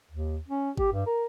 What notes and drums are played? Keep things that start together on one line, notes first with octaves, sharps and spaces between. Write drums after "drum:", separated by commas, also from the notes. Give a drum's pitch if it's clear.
D#2
C#4
G4, drum: kick G#1
G2
A#4